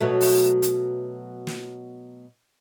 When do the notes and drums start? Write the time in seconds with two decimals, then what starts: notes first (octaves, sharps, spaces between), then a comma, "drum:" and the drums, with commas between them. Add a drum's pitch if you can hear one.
0.01 B2 F#3 A3
0.21 drum: open hi-hat
0.62 drum: hi-hat
1.47 drum: snare